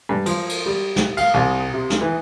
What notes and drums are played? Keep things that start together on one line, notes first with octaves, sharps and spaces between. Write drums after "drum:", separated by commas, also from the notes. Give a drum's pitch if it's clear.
G2
F3, drum: cymbal
drum: cymbal
G3
drum: snare
F5, drum: cymbal
C2
C3
drum: snare
E3